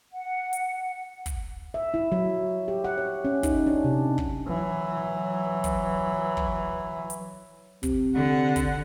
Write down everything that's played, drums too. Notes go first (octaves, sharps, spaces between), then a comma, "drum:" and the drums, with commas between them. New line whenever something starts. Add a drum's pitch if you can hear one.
F#5
drum: hi-hat
drum: kick, hi-hat
E5
E4
F#3
G4
F#5
C#5
C#4
D#4, drum: kick, hi-hat
D4
C3
drum: kick
E3 F#3
drum: kick, hi-hat
drum: kick
drum: hi-hat
C3, drum: kick, hi-hat
D3 F#5
drum: kick, hi-hat